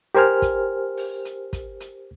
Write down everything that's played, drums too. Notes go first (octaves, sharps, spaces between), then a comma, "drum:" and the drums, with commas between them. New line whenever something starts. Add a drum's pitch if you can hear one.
G4 A#4 C5 G#5 F6
drum: kick, hi-hat
drum: open hi-hat
drum: hi-hat
drum: kick, hi-hat
drum: hi-hat